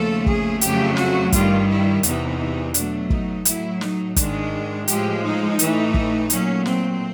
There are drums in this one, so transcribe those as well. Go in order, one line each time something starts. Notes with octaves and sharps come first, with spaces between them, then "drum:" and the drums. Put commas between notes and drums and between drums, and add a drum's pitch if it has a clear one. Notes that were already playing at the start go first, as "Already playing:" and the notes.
Already playing: D#2 C#3 F3 A3 A4
G#4, drum: kick
F2 C#3 F#3 A3 G4, drum: hi-hat
F#4, drum: snare
G2 D#3 G3 F4, drum: kick, hi-hat
E4
E2 C3 E3 D#4, drum: hi-hat
B2 F#3 A3 D4, drum: hi-hat
D#4, drum: kick
A2 F#3 A3 E4, drum: hi-hat
D#4, drum: snare
G#2 D#3 G#3 D4, drum: kick, hi-hat
A2 F3 G#3 G4, drum: hi-hat
D#4
A2 E3 A3, drum: hi-hat
drum: kick
A#2 F#3 A3 C#4, drum: hi-hat
C4, drum: snare